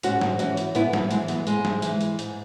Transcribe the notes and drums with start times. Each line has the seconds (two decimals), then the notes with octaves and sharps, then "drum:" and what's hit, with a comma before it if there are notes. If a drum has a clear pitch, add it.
0.03 G#2 C#4 F#4, drum: hi-hat
0.21 drum: snare
0.39 E3 C#4 F#4, drum: hi-hat
0.57 drum: hi-hat
0.75 G#2 B3 E4, drum: hi-hat
0.93 F#3, drum: snare
1.11 E3 G#3, drum: hi-hat
1.28 F#3 B3, drum: hi-hat
1.47 G#2 G#3, drum: hi-hat
1.65 drum: snare
1.82 E3, drum: hi-hat
2.01 drum: hi-hat
2.19 G#2, drum: hi-hat